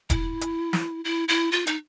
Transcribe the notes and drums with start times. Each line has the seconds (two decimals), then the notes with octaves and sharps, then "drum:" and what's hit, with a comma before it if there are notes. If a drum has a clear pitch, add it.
0.10 E4, drum: kick E1, hi-hat
0.41 drum: hi-hat
0.73 drum: snare
1.05 E4
1.28 E4
1.52 F4
1.67 D#4, drum: hi-hat